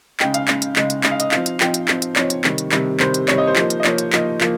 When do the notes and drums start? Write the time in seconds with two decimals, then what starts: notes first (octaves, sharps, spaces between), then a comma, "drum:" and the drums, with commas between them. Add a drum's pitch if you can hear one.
0.20 C#3 G#3 D#4 G5, drum: clap
0.34 F5, drum: hi-hat
0.48 C#3 G#3 D#4, drum: clap
0.62 drum: hi-hat
0.76 C#3 G#3 D#4, drum: clap
0.90 drum: hi-hat
1.03 C#3 G#3 D#4 D#5, drum: clap
1.11 F5
1.20 D#5, drum: hi-hat
1.31 F3 C4 D#4 F5, drum: clap
1.46 drum: hi-hat
1.60 F3 C4 D#4 G5, drum: clap
1.74 drum: hi-hat
1.88 F3 C4 D#4, drum: clap
2.02 drum: hi-hat
2.16 F3 C4 D#4 C#5, drum: clap
2.30 drum: hi-hat
2.44 C3 D#3 G3, drum: clap
2.58 drum: hi-hat
2.72 C3 D#3 G3, drum: clap
3.00 C3 D#3 G3 C5, drum: clap
3.14 drum: hi-hat
3.28 C3 D#3 G3 C#5, drum: clap
3.38 D#5
3.47 C5
3.56 F3 A#3 D#4, drum: clap
3.70 drum: hi-hat
3.80 D#5
3.84 F3 A#3 D#4 C#5, drum: clap
3.98 drum: hi-hat
4.13 F3 A#3 D#4, drum: clap
4.41 F3 A#3, drum: clap